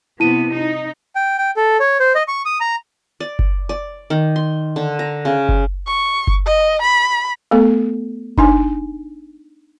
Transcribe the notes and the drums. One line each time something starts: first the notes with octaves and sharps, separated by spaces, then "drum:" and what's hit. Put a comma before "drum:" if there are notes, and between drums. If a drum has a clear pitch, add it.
C3 B3 E4 D#7
D#4
G5
G5
A4
C#5
C5
D#5
C#6
D#6
A#5
D5
drum: kick F#1
D5
D#3
C6
D3
A#5
C#3
drum: kick F#1
C#6
drum: kick F#1
D#5
B5
A3 B3 A4
D4 D#4 G#5, drum: kick F#1